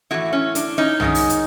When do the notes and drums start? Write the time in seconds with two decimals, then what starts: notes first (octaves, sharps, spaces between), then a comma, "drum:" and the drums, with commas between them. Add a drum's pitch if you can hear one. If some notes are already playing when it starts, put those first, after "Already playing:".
0.11 A2 E3 A3 C4 E4 F#4
0.33 C#4
0.55 D4, drum: hi-hat
0.78 C#4 D#4
1.00 G#2 D#3 G#3 C#4, drum: tom
1.15 drum: open hi-hat
1.30 drum: hi-hat